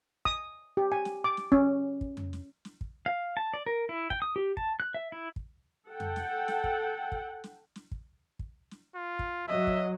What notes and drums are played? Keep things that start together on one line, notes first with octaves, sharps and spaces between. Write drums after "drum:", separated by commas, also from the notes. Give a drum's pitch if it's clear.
D#6, drum: kick
G4
G#5
drum: snare
D6
drum: snare
C#4, drum: kick
drum: kick
drum: tom F2
drum: snare
drum: snare
drum: kick
F5
A5
D5
A#4
E4
G5, drum: kick
D#6
G4
A5, drum: kick
F#6
E5
E4
drum: kick
A4 F#5 G5
drum: tom F2
drum: snare
drum: snare
drum: kick
drum: kick
drum: snare
drum: snare
drum: kick
drum: kick
drum: snare
F4
drum: kick
F#3 D#5 E5
drum: kick